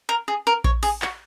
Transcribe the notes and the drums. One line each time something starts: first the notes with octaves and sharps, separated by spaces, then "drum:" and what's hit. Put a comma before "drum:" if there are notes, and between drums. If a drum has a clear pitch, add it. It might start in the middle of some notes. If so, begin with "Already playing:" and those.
A#4
G#4
A#4
C#5, drum: kick A#1
G#4, drum: open hi-hat
F#4, drum: clap